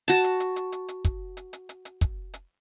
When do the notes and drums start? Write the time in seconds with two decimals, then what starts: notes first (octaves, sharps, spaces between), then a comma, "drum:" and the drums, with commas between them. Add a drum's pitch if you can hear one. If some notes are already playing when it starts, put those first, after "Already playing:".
0.08 F#4 A5, drum: hi-hat
0.24 drum: hi-hat
0.40 drum: hi-hat
0.56 drum: hi-hat
0.72 drum: hi-hat
0.88 drum: hi-hat
1.05 drum: kick, hi-hat
1.37 drum: hi-hat
1.53 drum: hi-hat
1.69 drum: hi-hat
1.85 drum: hi-hat
2.01 drum: kick, hi-hat
2.34 drum: hi-hat